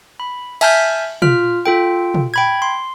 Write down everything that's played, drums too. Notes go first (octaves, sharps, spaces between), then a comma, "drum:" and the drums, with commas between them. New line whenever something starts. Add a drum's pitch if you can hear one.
B5
E5 G#5 A5 F6 G6 B6, drum: cymbal
F4 F6, drum: tom
F4 A4 G5
drum: tom
G5 B5 G#6
C6